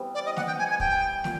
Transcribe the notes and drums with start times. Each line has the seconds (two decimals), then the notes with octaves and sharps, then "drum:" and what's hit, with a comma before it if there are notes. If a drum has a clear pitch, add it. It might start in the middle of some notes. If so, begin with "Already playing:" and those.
Already playing: C3 E3 G3 B3
0.15 D5
0.26 D#5
0.37 F#5, drum: snare
0.47 G5
0.59 G#5
0.70 G#5
0.80 G5, drum: kick
1.24 A#2, drum: snare